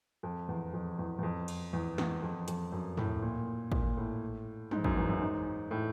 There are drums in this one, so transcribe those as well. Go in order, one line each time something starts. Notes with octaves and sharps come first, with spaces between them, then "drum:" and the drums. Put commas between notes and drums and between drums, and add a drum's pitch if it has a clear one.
F2
E2
F2
E2
E2
F2
drum: cymbal
E2
E2, drum: snare
F2
F2, drum: hi-hat
F#2
A2, drum: tom
A#2
A#2, drum: kick
A2
G#2, drum: tom
F#2, drum: kick
E2
F#2
G#2
A2